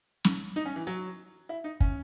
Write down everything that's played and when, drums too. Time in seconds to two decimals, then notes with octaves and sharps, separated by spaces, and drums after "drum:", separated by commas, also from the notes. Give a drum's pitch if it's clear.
0.24 drum: snare
0.56 D#4
0.66 C#4
0.76 E3
0.87 F#3
1.49 E4
1.64 D#4
1.80 C#4, drum: kick